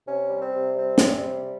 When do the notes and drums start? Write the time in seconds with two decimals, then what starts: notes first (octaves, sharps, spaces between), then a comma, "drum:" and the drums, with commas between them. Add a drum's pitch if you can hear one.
0.07 C3 C#4
0.29 G3
0.40 C4
0.52 C3
0.75 G3 C4
0.98 C3, drum: snare
1.22 G3